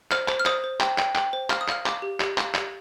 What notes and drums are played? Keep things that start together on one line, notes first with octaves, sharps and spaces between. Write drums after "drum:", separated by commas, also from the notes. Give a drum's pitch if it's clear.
C5 F6, drum: clap
C5, drum: clap
F6
C5 D#6, drum: clap
C5
G5, drum: clap
G5, drum: clap
G5, drum: clap
C5
F5 F6, drum: clap
D#6
F5 F6, drum: clap
F5 D6, drum: clap
G4
G4, drum: clap
F5, drum: clap
G4, drum: clap